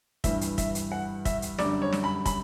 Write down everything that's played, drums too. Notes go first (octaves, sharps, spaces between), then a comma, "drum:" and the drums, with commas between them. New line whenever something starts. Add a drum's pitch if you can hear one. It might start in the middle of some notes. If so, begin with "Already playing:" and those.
G2 E3 G3 E5, drum: kick, hi-hat
drum: hi-hat
E5, drum: kick, hi-hat
drum: hi-hat
F#5
E5, drum: kick, hi-hat
drum: hi-hat
F#2 D3 G3 D5, drum: snare
C#5
drum: snare
B5
B5, drum: kick, hi-hat